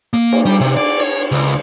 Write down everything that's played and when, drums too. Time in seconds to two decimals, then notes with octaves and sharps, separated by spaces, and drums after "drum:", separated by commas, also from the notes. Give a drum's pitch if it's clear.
0.14 A#3
0.32 drum: cymbal
0.45 G3
0.61 C3
0.77 D5
1.00 C#5
1.32 C#2